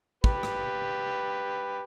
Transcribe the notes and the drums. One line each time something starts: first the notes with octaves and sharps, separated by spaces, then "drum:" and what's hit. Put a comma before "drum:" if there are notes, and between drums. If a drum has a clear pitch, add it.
G4 B4, drum: kick
drum: rim click